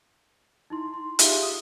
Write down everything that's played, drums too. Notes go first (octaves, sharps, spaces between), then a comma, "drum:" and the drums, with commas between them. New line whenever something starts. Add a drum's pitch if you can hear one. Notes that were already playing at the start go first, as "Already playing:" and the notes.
D#4 E4 C6
C6
D#4 F4 G4 G#4 E5 F5, drum: hi-hat
D#6